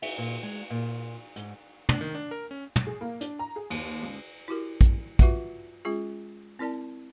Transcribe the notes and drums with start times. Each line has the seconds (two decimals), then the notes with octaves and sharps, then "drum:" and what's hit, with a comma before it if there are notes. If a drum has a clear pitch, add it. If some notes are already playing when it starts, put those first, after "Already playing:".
0.02 E5, drum: cymbal
0.18 A#2
0.43 G#3
0.70 A#2
1.36 G#2, drum: hi-hat
1.89 D4, drum: tom
2.01 D#3
2.15 D4
2.31 A#4
2.51 C#4
2.76 drum: tom
2.87 G#4
3.01 A#3
3.21 D4, drum: hi-hat
3.39 A#5
3.56 G#4
3.70 D#2, drum: cymbal
4.03 C#2
4.48 E4 F#4 G4 A#4
4.81 drum: kick A#1
5.19 F4 F#4 B4 E5 F#5, drum: kick A#1
5.85 G#3 C#4 F4 G#4
6.59 C4 E4 A#4 D5 A5